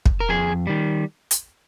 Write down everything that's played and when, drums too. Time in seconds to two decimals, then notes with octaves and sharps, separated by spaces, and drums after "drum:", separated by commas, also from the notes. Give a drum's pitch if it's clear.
0.06 drum: kick
0.20 A#4
0.29 F2 G#4
0.67 D#3 G3
1.31 drum: hi-hat